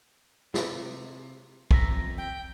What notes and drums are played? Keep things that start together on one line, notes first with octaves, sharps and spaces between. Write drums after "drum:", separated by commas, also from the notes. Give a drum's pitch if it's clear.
C3, drum: snare
F2 E5 A#5, drum: kick
G5